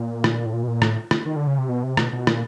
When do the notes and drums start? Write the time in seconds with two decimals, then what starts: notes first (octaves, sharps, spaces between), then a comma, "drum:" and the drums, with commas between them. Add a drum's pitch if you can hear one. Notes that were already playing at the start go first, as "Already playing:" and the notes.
Already playing: A#2
0.24 drum: rim click
0.46 A2
0.53 A#2
0.63 B2
0.68 A#2
0.82 A2, drum: rim click
1.11 drum: rim click
1.26 D#3
1.36 D3
1.47 C#3
1.58 C3
1.69 B2
1.83 C3
1.97 B2, drum: rim click
2.13 B2
2.27 A#2, drum: rim click